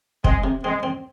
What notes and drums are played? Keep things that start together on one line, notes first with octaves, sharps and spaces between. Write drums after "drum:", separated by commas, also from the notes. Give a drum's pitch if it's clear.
G#3 C4, drum: kick
C3
G#3 C4
C4